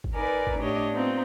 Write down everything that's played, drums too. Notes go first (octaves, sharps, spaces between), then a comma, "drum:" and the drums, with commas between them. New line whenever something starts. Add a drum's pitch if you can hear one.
drum: kick G1
D#4 A#4 B4 D5 G#5 B5
drum: kick G1
A2 D4 G4 C#5 D#5
B3 C4 D#4 F4